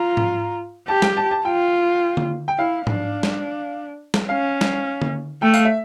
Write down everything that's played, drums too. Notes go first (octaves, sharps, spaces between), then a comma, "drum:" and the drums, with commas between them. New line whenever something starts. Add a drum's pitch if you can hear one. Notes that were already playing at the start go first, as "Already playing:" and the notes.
Already playing: F4 A#5
drum: tom G#2
G4 A5
G5, drum: snare
A5
A5
F4 G5
drum: tom D3
G5
E4 F5
D4, drum: tom G#2
drum: snare
drum: snare
C#4 F5
drum: snare
drum: tom D3
A3 G5
F5, drum: tambourine
E5